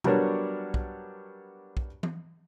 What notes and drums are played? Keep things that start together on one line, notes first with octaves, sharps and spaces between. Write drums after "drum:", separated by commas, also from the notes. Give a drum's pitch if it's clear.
F#3 G3 B3 D4 A#4 C#5, drum: tom B2
drum: kick
drum: kick
drum: tom E3